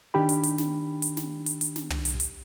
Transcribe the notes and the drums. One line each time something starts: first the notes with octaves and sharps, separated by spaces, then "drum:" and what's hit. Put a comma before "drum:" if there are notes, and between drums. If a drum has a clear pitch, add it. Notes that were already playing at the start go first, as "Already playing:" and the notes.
D#3 D4 G4 B5
drum: hi-hat
drum: hi-hat
drum: snare
drum: hi-hat
drum: snare
drum: hi-hat
drum: hi-hat
drum: snare
drum: tom
drum: hi-hat
drum: hi-hat